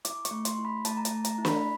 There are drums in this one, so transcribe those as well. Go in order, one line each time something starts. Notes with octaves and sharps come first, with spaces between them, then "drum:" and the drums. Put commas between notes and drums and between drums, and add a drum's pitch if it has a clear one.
E4 D6, drum: hi-hat
C#6, drum: hi-hat
A3
C6, drum: hi-hat
E4
B5
A3 A5, drum: hi-hat
A#5
A5, drum: hi-hat
A3
A#5, drum: hi-hat
E4
B5, drum: snare
B5